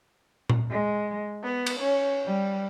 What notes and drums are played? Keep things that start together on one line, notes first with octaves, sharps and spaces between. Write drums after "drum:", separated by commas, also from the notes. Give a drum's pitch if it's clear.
drum: tom A#2
G#3
B3
drum: cymbal
C#4
G3